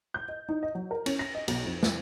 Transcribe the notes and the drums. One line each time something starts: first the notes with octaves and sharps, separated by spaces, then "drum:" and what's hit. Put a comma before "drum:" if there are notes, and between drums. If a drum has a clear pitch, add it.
G6
D#5
D#4
D#5
F#3
A#4
C#4, drum: cymbal
A#6
D#5
B1, drum: cymbal
F2
F2, drum: snare